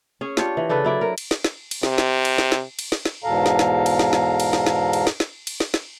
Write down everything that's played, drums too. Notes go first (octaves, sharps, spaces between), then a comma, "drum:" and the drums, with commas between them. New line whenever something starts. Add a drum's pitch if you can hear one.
C#4 G#4
D4 F4 G4 C#5, drum: snare
E3
C#3 D4 A4 B4
F#3 E4 D5
A#4
drum: cymbal
drum: snare
drum: snare
drum: cymbal
C3, drum: snare
drum: snare
drum: cymbal
drum: snare
drum: snare
drum: cymbal
drum: snare
drum: snare
E2 G#2 B2 A4 F5 A#5
drum: snare
drum: snare
drum: cymbal
drum: snare
drum: snare
drum: cymbal
drum: snare
drum: snare
drum: cymbal
drum: snare
drum: snare
drum: cymbal
drum: snare
drum: snare